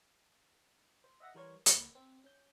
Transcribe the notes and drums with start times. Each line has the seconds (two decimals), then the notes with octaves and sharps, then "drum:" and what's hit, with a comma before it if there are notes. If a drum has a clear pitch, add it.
1.04 C5
1.20 D#5 E5 F#5 A#6
1.35 E3 G3 A#4 C5 C#5 G#6
1.66 C#2 A#3 A#5 B5, drum: hi-hat
1.95 C4
2.24 C#4 G6